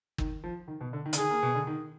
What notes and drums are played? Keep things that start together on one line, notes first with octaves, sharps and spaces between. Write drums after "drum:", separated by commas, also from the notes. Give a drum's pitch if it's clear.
D#3, drum: kick
F3
D#3
B2
D3
D#3
D3, drum: hi-hat
D#3 G#4
A#3
B2
D3
D#3